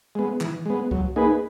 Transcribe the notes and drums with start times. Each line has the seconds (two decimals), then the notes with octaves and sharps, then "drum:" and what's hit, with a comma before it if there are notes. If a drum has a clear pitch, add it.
0.15 G#3 B3
0.41 E3, drum: clap
0.66 G#3 B3
0.91 F#3, drum: kick C2
1.16 A#3 D#4 G#4 B4